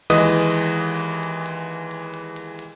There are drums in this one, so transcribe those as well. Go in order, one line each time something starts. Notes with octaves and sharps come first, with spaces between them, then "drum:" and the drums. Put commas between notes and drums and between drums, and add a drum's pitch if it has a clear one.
D#2 E3 G#3 B4 D#5 D#6, drum: hi-hat
drum: open hi-hat
drum: open hi-hat
drum: hi-hat
drum: open hi-hat
drum: hi-hat
drum: hi-hat
drum: open hi-hat
drum: hi-hat
drum: open hi-hat
drum: hi-hat